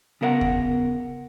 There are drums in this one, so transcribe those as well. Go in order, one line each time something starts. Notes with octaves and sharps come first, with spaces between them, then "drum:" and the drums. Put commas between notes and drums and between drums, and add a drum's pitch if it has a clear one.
C#3 B3 A#4 D#5 F#5
drum: kick